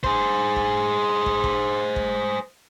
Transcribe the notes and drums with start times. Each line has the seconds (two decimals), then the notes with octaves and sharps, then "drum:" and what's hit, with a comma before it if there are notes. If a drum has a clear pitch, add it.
0.04 G#4 C5, drum: kick
0.56 drum: kick
1.26 drum: kick
1.44 drum: kick
1.96 drum: kick